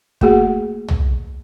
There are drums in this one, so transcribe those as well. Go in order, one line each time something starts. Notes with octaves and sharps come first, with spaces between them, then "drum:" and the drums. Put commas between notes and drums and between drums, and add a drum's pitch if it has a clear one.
A3 A#3 F#4 G#4 F#5, drum: kick
drum: tom C2